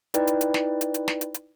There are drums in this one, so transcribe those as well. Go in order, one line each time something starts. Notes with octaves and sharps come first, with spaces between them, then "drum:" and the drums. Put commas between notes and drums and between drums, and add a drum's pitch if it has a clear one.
D#4 E4 B4 D5 G5, drum: hi-hat
drum: hi-hat
drum: hi-hat
drum: snare
drum: hi-hat
drum: hi-hat
drum: snare
drum: hi-hat
drum: hi-hat